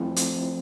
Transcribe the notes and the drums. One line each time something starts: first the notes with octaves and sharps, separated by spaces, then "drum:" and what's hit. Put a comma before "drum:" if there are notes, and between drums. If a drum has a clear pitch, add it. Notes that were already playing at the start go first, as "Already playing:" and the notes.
Already playing: F3 A3 C4 E4
drum: hi-hat